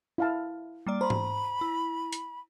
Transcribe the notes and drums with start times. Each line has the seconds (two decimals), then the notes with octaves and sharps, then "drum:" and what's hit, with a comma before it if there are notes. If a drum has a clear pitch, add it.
0.18 E4 F5 A5
0.86 G3 A#3 D5
1.01 C5 A#5 B5
1.10 drum: tom G#2
1.61 E4
2.13 drum: hi-hat